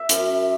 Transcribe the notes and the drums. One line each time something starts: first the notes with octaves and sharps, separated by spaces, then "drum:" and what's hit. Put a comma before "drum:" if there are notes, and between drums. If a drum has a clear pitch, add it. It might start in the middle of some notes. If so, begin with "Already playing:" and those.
Already playing: E5
F#2, drum: hi-hat